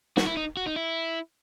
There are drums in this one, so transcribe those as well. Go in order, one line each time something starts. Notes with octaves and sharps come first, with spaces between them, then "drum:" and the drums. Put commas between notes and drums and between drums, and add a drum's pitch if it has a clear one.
F#4, drum: snare
E4
D#4
F#4
D#4
E4